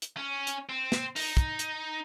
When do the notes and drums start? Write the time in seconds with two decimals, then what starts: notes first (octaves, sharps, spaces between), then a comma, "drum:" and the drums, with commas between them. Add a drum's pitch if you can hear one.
0.02 drum: hi-hat
0.17 C#4
0.47 drum: hi-hat
0.69 C4
0.92 drum: snare
1.16 D#4, drum: open hi-hat
1.37 drum: kick, hi-hat
1.59 drum: hi-hat